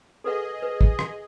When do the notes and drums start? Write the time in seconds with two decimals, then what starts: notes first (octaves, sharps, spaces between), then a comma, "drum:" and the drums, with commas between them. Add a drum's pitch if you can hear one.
0.24 G#4 A4 B4 D#5 F#5
0.62 B4
0.81 drum: kick
0.99 drum: rim click